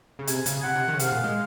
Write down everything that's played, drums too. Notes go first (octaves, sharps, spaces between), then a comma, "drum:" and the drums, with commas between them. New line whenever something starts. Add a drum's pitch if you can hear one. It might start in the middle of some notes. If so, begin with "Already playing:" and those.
C#3
C3 G#5, drum: hi-hat
C#3, drum: hi-hat
C3 F#5
C3
D#3
C#3
C3 F5, drum: hi-hat
A#2
G#3